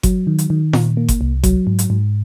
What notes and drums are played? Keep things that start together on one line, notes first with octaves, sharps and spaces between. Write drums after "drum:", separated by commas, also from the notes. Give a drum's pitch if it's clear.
F#3, drum: kick G1, hi-hat
D#3
drum: hi-hat
D#3
A#2, drum: snare F4
A#3
drum: kick G1, hi-hat
C2
F#3, drum: kick G1, hi-hat
G#2
drum: hi-hat
G#2